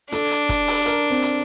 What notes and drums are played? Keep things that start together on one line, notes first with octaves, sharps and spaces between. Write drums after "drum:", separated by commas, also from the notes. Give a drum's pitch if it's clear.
D4 A4, drum: hi-hat
drum: hi-hat
drum: kick, hi-hat
drum: open hi-hat
A#4, drum: hi-hat
C4
drum: hi-hat